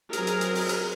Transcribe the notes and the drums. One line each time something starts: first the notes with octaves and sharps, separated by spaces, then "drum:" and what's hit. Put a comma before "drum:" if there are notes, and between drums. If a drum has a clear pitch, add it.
F#3 C4 G#4 A#4, drum: hi-hat
drum: hi-hat
drum: hi-hat
drum: open hi-hat
drum: hi-hat